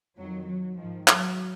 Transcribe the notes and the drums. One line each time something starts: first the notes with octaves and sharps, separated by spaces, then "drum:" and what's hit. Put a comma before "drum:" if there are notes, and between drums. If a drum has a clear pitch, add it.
F2 D#3 F#3
F#3
G#2 D#3 F3
F#3, drum: clap